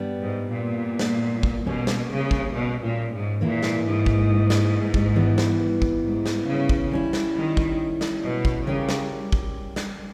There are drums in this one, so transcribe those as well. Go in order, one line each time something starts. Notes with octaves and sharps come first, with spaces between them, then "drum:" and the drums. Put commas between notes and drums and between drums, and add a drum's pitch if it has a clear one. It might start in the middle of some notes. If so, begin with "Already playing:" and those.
Already playing: G2 G3 B3
G#2
A#2
drum: snare
drum: kick
B2 G3 A#3 C#4
drum: snare
C#3
drum: kick
B2
A#2
G#2
A#2 E3 A#3 E4 G#4
drum: snare
G#2
drum: kick
drum: snare
drum: kick
E3 G3 B3
drum: snare
drum: kick
G#2
drum: snare
C#3
drum: kick
G3 C#4 E4
drum: snare
D#3
drum: kick
drum: snare
B2
drum: kick
C#3 G3 C#4 G4 A#4
drum: snare
drum: kick
drum: snare